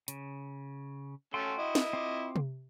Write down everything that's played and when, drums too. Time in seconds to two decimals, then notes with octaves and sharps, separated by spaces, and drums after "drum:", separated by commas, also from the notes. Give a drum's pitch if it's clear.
0.08 C#3, drum: hi-hat
1.34 A3 C#4 F#4 G5 C6
1.59 E4 D#5
1.75 drum: snare
1.93 C4 F4 D6
2.36 drum: tom C3